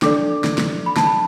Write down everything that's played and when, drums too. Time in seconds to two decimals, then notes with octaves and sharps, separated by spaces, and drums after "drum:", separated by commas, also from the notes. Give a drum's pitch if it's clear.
0.02 D4 A4 D5 D6, drum: snare
0.44 drum: snare
0.58 drum: snare
0.86 B5
0.97 A5, drum: snare
1.07 B5